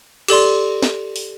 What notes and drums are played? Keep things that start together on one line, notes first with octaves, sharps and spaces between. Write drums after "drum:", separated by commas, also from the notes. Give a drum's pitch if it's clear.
G4 A4 D5 C6, drum: cymbal
drum: snare
drum: open hi-hat